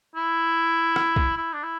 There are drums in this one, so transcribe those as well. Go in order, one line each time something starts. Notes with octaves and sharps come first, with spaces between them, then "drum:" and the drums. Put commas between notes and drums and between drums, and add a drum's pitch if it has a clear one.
E4
drum: rim click
drum: kick
E4
D4
E4